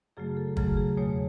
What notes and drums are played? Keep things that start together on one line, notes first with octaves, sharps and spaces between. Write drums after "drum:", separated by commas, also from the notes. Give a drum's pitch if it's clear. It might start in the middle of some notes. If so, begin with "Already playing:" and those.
F#2 C#3 F#3 A3 G#4
A4
F#2 C#3 F#3 A3 G#4, drum: kick
G#4
E2 B2 F#3 A3 C#5